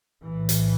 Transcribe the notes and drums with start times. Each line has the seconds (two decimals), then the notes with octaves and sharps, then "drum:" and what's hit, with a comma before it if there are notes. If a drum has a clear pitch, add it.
0.24 B1 A2 E3
0.49 drum: hi-hat